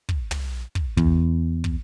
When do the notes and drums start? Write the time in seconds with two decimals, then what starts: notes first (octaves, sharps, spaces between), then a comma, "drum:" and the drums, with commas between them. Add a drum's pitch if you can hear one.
0.09 drum: kick
0.31 drum: tom
0.75 drum: kick
0.97 E2, drum: kick
1.64 drum: kick